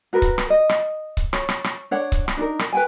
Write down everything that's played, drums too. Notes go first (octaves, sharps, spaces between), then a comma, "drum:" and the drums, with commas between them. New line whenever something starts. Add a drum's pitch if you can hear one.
F#4 A#4 B4
drum: kick C#1
drum: rim click
D#5
drum: rim click
drum: kick C#1
C#5, drum: rim click
drum: rim click
drum: rim click
D4 C#5 F#5
drum: kick C#1
drum: rim click
D4 D#4 A#4
drum: rim click
B4 G5 G#5